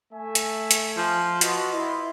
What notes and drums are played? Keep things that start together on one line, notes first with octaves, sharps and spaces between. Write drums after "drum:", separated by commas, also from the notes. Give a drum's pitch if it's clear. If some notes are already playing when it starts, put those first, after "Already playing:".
A3 E5 G#5
drum: hi-hat
drum: hi-hat
F3
F4 F#4 B4 D#5, drum: hi-hat
E4